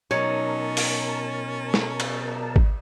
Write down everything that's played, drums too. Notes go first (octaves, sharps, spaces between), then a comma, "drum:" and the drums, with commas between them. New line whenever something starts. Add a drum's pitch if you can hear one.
B2 F#3 C#4 D#4 A#4 C#5 A5
drum: open hi-hat
drum: snare
drum: cymbal
drum: kick G#1